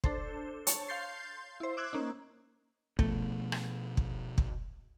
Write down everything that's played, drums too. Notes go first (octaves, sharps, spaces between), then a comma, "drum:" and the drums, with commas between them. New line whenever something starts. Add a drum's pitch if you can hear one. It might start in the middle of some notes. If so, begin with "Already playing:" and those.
D4 A4 C5, drum: kick
C#5 A5, drum: hi-hat
F5 C6 G6 A6 C7
E4 C5
D6 E6 F#6 G#6
A#3 C#4 D#4
B2 F3 A3, drum: kick
drum: rim click
drum: kick
drum: kick